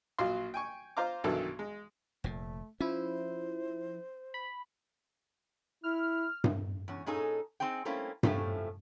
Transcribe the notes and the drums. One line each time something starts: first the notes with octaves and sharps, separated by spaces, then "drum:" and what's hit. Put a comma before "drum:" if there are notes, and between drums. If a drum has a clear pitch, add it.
A#1 F#3 F4 F#4 F5 C6
G5 G#5 C#6
F4 C5 F5 A#5 D6
B1 G2 D#3 E3 F#3 A4
G#3
F1 A#2 A3
F3 C#4 E4 C5
B5
E4 F6
drum: tom G2
E2 C#4
A#2 C#4 D#4 G#4 A4
C4 D#4 G#4 G5
G3 A3 A#3 C4 C#4 E4
A2 C3 F3 A3 C#4 G4, drum: tom G2